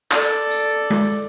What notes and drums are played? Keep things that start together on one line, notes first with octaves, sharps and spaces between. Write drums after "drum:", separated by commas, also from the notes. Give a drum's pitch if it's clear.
A4 D5, drum: clap
drum: tambourine
drum: tom G#3